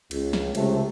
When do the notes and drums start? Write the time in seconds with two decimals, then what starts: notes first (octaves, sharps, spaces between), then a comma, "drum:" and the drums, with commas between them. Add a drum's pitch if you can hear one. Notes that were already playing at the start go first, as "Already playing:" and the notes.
0.11 C#2, drum: cymbal
0.33 drum: snare
0.55 C#2 C3 A3, drum: cymbal